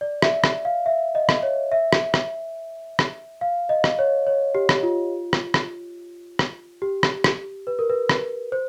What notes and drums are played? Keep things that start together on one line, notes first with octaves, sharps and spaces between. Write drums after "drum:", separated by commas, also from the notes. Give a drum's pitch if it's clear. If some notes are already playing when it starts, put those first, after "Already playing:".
D5
E5, drum: rim click
drum: rim click
F5
E5
D#5
drum: rim click
C#5
E5
drum: rim click
drum: rim click
drum: rim click
F5
D#5
drum: rim click
C#5
C#5
G4
drum: rim click
F4
drum: rim click
drum: rim click
drum: rim click
G4
drum: rim click
drum: rim click
B4
A#4
B4
drum: rim click
C5